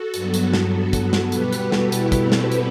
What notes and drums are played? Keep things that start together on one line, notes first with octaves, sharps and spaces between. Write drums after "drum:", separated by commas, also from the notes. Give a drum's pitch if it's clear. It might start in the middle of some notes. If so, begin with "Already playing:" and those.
Already playing: F#4 A4
G2 F#3 B3, drum: hi-hat
drum: hi-hat
drum: snare
F#4 A4
drum: kick, hi-hat
drum: snare
B2 G3 B3 G4 B4, drum: hi-hat
drum: hi-hat
F#4 A4
drum: snare
E4 G4, drum: hi-hat
drum: kick, hi-hat
C4 E4
drum: snare
drum: hi-hat